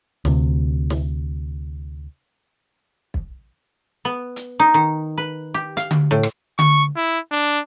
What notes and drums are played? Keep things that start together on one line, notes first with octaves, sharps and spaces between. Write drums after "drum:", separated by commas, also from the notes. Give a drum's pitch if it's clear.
D2 C3, drum: snare
drum: snare
drum: kick
B3
drum: hi-hat
D#4
D#3
B4
G4
F5, drum: hi-hat
drum: tom D3
A2
drum: rim click
C#6, drum: tom D3
E4
D4